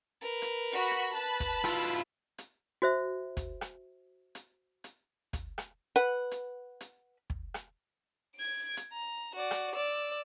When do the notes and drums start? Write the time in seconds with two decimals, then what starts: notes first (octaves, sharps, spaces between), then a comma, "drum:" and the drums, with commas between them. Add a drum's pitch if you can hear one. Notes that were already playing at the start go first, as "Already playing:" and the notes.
0.21 A#4 B4
0.42 drum: hi-hat
0.74 F#4 B5
0.91 drum: hi-hat
1.14 B4 A5 B5 F#6
1.40 drum: kick, hi-hat
1.64 E4 F4, drum: rim click
2.38 drum: hi-hat
2.82 F#4 C5 E5
3.37 drum: kick, hi-hat
3.61 drum: rim click
4.35 drum: hi-hat
4.84 drum: hi-hat
5.33 drum: kick, hi-hat
5.58 drum: rim click
5.96 B4 F#5
6.31 drum: hi-hat
6.81 drum: hi-hat
7.30 drum: kick
7.54 drum: rim click
8.36 G#6 D7
8.77 drum: hi-hat
8.93 A#5
9.35 F#4 D5
9.51 drum: rim click
9.75 D5 E6